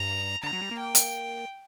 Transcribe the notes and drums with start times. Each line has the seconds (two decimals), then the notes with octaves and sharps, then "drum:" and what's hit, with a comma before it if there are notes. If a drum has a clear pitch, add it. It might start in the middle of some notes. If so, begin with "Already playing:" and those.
Already playing: G2 A#5
0.43 D3 A#5
0.53 F#3
0.61 G3
0.71 A#3
0.80 G5
0.95 drum: hi-hat